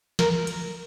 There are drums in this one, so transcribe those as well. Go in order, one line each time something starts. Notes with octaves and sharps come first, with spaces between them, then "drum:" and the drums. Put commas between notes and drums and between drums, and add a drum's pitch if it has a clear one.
A#4, drum: snare
drum: cymbal